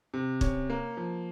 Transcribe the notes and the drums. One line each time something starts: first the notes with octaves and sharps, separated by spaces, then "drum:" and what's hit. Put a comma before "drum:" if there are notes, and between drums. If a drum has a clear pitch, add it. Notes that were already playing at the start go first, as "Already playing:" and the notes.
C3
C#4, drum: kick
A#3
F3